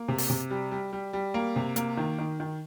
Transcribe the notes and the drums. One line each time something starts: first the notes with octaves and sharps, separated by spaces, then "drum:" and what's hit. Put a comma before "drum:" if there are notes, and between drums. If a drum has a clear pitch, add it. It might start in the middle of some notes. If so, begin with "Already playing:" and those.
Already playing: A#3
C3
drum: open hi-hat
C3
G3
G3
G3
G3
A#3
C3
A#3, drum: hi-hat
D#3
D#3
D#3